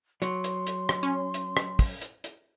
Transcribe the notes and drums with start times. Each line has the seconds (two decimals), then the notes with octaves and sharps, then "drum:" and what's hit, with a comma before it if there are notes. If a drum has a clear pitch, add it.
0.22 F#3 C6, drum: hi-hat
0.44 drum: hi-hat
0.67 drum: hi-hat
0.89 drum: rim click
1.03 C#4
1.34 drum: hi-hat
1.57 drum: rim click
1.79 drum: kick, open hi-hat
2.02 drum: hi-hat
2.24 drum: hi-hat